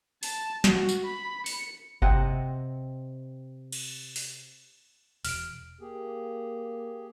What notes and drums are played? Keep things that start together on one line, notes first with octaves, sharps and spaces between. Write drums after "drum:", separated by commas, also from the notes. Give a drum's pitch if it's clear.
A5, drum: open hi-hat
F#4, drum: snare
drum: tambourine
B5
C#7, drum: open hi-hat
C3 C4 D#5 F#5, drum: kick G1
drum: cymbal
drum: open hi-hat
E1 F6 D7, drum: open hi-hat
A#3 G4 G#4